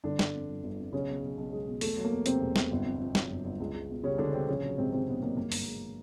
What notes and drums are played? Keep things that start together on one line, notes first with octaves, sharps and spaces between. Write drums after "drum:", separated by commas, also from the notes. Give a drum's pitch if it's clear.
G1 D3 D4
G1, drum: snare
F2
G1
G1
F2
B1 C#3 C#4
B1
B1
B1
G#3
B2
E2 A3, drum: open hi-hat
F#3
A#3
E2
E2 C3 C4, drum: hi-hat
E1
B2, drum: snare
G1
F2
F2
F#3, drum: snare
G1
G1
C#2
C#2
B2
C#3 G3 C#4
C#2 D3 D4
C3 G3 C4
A#1 C#3 C#4
F#3
G#2 C3 C4
C3 D#3 C4
B2 D#3 B3
F#3 A#3
G1 A#3
G1, drum: open hi-hat
G#3